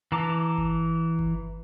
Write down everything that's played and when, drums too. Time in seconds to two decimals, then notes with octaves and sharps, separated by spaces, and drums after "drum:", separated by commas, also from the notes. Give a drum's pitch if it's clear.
0.12 E3 A5 A#5 D6
0.58 drum: kick G1
1.19 drum: kick G1